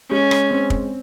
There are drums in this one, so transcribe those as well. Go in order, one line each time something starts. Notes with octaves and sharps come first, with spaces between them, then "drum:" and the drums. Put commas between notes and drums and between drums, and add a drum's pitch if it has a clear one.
G#3 C#4
drum: rim click
C4
drum: kick